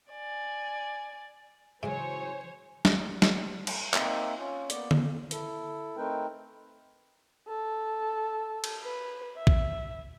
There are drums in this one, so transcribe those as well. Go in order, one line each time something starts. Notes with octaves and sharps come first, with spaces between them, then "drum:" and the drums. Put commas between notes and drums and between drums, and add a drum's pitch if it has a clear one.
D5 G#5
G#2 C#3 E3 F#3 C5 C#5 G#5
drum: snare
drum: snare
drum: cymbal
A#3 C4 D#4 E5, drum: clap
C#4 F4
A#3 B3 D5, drum: hi-hat
F2, drum: tom D3
E4 A4, drum: hi-hat
A3 C4 D#4 A#4 B4 G5
A4
drum: cymbal
B4
E5
drum: kick A#1